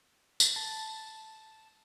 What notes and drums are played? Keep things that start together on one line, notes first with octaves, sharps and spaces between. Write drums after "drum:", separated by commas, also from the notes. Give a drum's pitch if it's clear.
drum: tambourine
A5